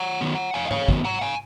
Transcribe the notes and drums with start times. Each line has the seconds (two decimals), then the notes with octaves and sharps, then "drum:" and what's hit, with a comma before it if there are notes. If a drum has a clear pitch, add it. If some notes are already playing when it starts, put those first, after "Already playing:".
Already playing: F#5 A#5
0.21 D#3 F#3 B3
0.54 F2 F5 G#5
0.65 D#5
0.71 C#5 F5, drum: tom G#2
0.88 D#3 F#3 B3, drum: kick
1.05 F#5 A#5
1.21 F5 G#5